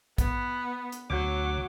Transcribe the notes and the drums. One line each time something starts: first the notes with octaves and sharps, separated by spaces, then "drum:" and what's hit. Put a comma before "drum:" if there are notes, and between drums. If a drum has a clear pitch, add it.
B3, drum: kick, hi-hat
drum: hi-hat
D2 F#3 D6